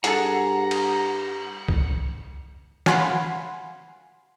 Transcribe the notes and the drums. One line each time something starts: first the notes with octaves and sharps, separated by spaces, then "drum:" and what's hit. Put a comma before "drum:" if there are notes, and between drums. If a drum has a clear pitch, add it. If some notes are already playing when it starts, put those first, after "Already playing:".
G2 G#4 A4 F#5 A#5, drum: hi-hat
drum: cymbal
drum: kick C2
F5 F#5 G#5 B5 C6, drum: snare